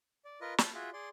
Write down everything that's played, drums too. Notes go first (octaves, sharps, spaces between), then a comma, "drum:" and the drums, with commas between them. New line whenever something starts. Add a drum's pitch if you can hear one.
D5
F4 A#4 B4 D#5
A5 B5, drum: snare
F4 F#4 G#4 E5
G#4 D5 C6